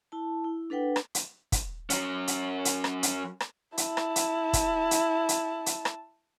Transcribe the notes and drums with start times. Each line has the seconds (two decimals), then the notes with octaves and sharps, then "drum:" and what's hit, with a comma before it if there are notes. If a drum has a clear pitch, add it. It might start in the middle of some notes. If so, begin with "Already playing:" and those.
0.12 E4 A5
0.44 E4
0.70 D4 A4 B4 F#5 G5
0.96 drum: rim click
1.15 drum: hi-hat
1.52 drum: kick, hi-hat
1.90 F#3 C#4, drum: hi-hat
2.28 drum: hi-hat
2.65 drum: hi-hat
2.84 drum: rim click
3.03 drum: hi-hat
3.40 drum: rim click
3.78 E4 A5, drum: hi-hat
3.97 drum: rim click
4.16 drum: hi-hat
4.53 drum: kick, hi-hat
4.91 drum: hi-hat
5.29 drum: hi-hat
5.66 drum: hi-hat
5.85 drum: rim click